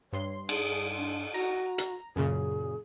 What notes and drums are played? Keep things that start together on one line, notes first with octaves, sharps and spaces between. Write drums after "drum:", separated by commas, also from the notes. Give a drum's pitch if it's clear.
G2 C#5 C6
G#4, drum: cymbal
D4
F#4 A#5
drum: hi-hat
F#2 A#2 C#3 G#4